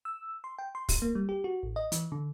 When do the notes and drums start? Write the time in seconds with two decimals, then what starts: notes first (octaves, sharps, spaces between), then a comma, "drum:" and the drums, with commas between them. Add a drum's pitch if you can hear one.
0.05 E6
0.44 C6
0.59 G5
0.75 C6
0.89 drum: kick, open hi-hat
1.02 A#3
1.15 G3
1.29 G4
1.44 F#4
1.63 A1
1.76 D#5
1.92 E3, drum: hi-hat
2.12 D3